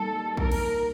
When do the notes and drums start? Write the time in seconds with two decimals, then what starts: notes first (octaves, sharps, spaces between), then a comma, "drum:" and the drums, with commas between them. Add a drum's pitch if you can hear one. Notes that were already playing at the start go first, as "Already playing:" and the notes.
Already playing: G3 A#3 D#4 F#4 A4
0.37 A#4, drum: kick A#1
0.52 drum: cymbal